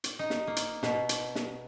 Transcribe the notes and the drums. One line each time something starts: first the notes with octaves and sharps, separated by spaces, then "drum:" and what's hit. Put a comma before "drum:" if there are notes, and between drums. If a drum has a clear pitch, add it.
drum: hi-hat
D#4
drum: snare
A#3
drum: hi-hat
B2, drum: snare
drum: hi-hat
drum: snare